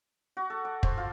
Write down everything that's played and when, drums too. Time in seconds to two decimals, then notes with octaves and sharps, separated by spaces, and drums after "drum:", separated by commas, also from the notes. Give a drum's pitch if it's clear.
0.37 F#4
0.50 A4
0.65 D6
0.83 C5, drum: kick
0.97 F4